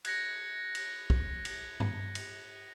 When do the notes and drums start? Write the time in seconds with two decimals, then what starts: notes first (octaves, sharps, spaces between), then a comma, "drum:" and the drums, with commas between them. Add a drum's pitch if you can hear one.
0.05 F#6 G#6 A#6 C#7, drum: cymbal
0.75 drum: cymbal
1.10 drum: kick
1.45 drum: cymbal
1.80 drum: tom G2
2.15 drum: cymbal